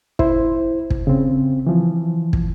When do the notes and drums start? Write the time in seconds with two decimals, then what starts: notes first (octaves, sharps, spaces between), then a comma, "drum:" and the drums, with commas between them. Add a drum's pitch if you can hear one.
0.19 E4 C5, drum: kick
0.90 drum: kick
1.07 C#3 C4
1.67 E3 F3
2.33 drum: kick